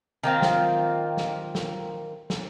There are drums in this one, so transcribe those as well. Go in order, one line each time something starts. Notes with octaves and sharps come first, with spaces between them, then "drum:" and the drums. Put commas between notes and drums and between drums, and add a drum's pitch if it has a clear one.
D#3 A#3 C4 F4
drum: snare
drum: snare
drum: snare
drum: snare